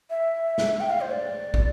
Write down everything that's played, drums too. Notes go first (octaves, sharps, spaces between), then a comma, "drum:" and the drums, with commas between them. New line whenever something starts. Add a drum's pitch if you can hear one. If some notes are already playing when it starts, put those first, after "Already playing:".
E5
drum: snare
G5
F5
C5
D5
drum: kick